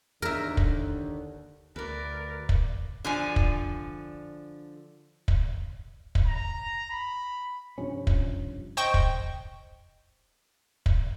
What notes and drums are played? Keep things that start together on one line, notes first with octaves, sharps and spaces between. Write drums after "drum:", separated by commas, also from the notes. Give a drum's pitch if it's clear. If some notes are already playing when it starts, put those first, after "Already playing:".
D#2 D3 A#4 E5
drum: kick
D2 A#4 B4 D5
drum: kick
D3 F3 G#5
drum: kick
drum: kick
drum: kick
A#5
B5
G2 C3 F3 C#4
drum: kick
C5 D#5 G5 C#6
drum: kick
drum: kick